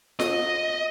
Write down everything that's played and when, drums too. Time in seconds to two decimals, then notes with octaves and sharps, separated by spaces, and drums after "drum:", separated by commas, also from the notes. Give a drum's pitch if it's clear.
0.20 D#5, drum: snare F4